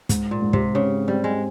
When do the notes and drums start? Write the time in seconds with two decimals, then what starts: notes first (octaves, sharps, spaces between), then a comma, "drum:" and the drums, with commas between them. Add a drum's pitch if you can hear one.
0.09 G#2, drum: kick, hi-hat
0.31 A#2
0.42 G#2
0.53 C3, drum: kick
0.75 C#3 C4
1.07 G3 C4
1.24 G#3